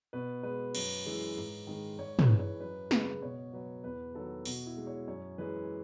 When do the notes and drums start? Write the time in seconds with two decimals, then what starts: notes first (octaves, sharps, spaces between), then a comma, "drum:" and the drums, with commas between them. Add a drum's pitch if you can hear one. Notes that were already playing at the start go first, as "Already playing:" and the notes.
0.13 B2 B4
0.43 G#3 B4
0.75 F#2, drum: cymbal
1.06 E3 G#3
1.37 G#2
1.67 D#3 G#3
1.98 G#2 C#5
2.19 B4, drum: tom
2.29 E3 G#3
2.40 C#5
2.60 F#2 B4
2.91 C#3 G#3 B4, drum: snare
3.22 B2 C#5
3.53 F#3 B4
3.84 E2 B4
4.14 D#3 F#3 A4
4.45 B2 F#4, drum: open hi-hat
4.66 E4
4.77 G#3
4.87 C#5
5.07 F#2 C#5
5.38 E3 G#3 B4